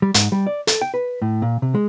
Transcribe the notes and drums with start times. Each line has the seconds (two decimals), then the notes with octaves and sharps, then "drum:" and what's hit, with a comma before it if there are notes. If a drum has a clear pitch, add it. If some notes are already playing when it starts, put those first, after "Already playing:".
0.02 G3
0.14 G#2, drum: hi-hat
0.32 G3
0.47 D5
0.67 A4, drum: hi-hat
0.81 G5
0.94 B4
1.22 A2
1.42 A#2
1.62 C3
1.75 G#3